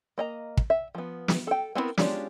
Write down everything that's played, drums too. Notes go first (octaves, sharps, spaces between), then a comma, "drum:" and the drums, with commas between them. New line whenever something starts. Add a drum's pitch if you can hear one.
A#3 D#5 A#5
drum: kick
E5
F3 B3
drum: snare
A4 G5
B3 C4 D4 E4 A#4
G#3 C#4 D4 F4 G4, drum: snare